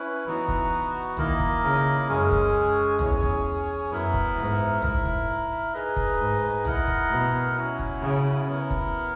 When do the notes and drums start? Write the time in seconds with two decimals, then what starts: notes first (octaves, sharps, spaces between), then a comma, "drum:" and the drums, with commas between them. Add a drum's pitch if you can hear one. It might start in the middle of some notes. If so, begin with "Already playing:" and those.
Already playing: C#4 E4 B4
0.26 E3 B3 D#4 F#4
0.48 drum: kick
1.17 D#3 A#3 E4 A#4 D#5, drum: tom
1.40 drum: kick
1.63 C#3
2.08 F#2 G#3 C#4 G#4
2.31 drum: kick
2.99 E2 C#4 G#4 C#5, drum: tom
3.22 drum: kick
3.90 F#2 B3 E4 A#4 E5
4.14 drum: kick
4.36 G#2
4.82 E4 A#4 E5, drum: tom
5.05 drum: kick
5.73 D#4 G#4 B4 D#5
5.96 drum: kick
6.19 G#2
6.65 E4 A#4 D#5 F#5, drum: tom
6.88 drum: kick
7.10 B2
7.56 F#3 C#4 E4
7.79 drum: kick
8.02 C#3
8.48 B3 E4 A#4
8.70 drum: kick